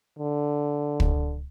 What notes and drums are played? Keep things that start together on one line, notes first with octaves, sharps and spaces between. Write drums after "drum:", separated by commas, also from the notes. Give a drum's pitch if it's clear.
D3
drum: kick